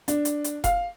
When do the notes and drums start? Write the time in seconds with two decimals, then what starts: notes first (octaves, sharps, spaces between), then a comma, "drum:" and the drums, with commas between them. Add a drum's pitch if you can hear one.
0.08 D4, drum: hi-hat
0.25 drum: hi-hat
0.44 drum: hi-hat
0.64 F5, drum: kick F1, hi-hat